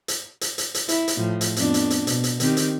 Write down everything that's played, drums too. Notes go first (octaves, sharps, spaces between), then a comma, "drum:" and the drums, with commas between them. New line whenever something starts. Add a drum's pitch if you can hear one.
drum: hi-hat
drum: hi-hat
drum: hi-hat
drum: hi-hat
E4, drum: hi-hat
drum: hi-hat
A2 F3
drum: hi-hat
F2 B3 D4, drum: hi-hat
drum: hi-hat
drum: hi-hat
B2, drum: hi-hat
drum: hi-hat
D#3 C4 G4, drum: hi-hat
drum: hi-hat